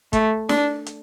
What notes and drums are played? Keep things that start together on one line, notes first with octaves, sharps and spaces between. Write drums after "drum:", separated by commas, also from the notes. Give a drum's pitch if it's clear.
A3, drum: kick, hi-hat
D4, drum: snare
drum: hi-hat